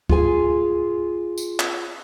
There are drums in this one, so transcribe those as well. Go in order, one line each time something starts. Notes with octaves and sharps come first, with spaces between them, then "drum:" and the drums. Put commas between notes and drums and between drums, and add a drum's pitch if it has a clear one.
F4 G#4 G#5, drum: kick C#2
drum: tambourine
drum: clap